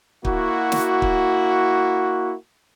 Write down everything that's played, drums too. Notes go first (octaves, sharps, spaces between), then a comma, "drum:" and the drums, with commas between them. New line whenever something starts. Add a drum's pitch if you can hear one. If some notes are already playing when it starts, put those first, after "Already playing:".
A#3 E4 F#4, drum: kick
drum: snare
drum: kick